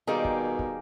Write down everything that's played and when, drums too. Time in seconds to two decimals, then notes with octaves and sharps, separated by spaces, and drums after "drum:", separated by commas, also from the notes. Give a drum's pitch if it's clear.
0.07 B2 D#3 G3 A#3 D#4 G#4
0.25 drum: kick
0.59 drum: kick